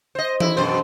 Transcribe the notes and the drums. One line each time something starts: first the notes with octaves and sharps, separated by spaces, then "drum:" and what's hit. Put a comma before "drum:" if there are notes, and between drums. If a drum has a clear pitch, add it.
C5 D#5
E4, drum: tom E3
F#2 B2 C5